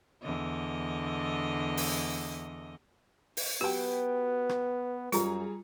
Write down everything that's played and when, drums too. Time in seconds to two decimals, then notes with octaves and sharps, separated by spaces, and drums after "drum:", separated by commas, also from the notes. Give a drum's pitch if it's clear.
0.23 E2 D3 D#5
1.77 drum: open hi-hat
3.37 drum: open hi-hat
3.61 F#3 B3 G4 B4 G5
4.49 drum: rim click
5.12 F#2 G3 F4 G#4 A#5, drum: hi-hat